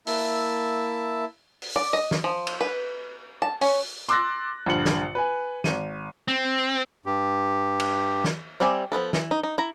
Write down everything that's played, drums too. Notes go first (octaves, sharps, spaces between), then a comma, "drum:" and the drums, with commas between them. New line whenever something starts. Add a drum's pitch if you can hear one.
A#3 E4 E5 A5, drum: open hi-hat
drum: open hi-hat
D5
D#5
drum: snare
F3
drum: cymbal
B4
A5
C#4, drum: open hi-hat
C6 D6 E6 F#6 A6 A#6, drum: hi-hat
A#1 G2 D3 C#7 F#7
drum: snare
B4 G#5
G#1 D#7, drum: snare
C4
G2 G4
drum: cymbal
drum: snare
G3 C4 D5 E5 G#5
F3 A3 B3 A4
E3, drum: snare
D#4
D#4
E4 A#5